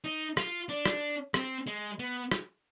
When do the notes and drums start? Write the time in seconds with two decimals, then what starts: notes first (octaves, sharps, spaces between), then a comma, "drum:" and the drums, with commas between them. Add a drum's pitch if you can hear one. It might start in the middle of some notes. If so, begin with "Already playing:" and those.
0.04 D#4
0.37 F4, drum: rim click
0.69 D4
0.86 drum: rim click
1.34 C4, drum: rim click
1.67 G#3
1.99 B3
2.31 drum: rim click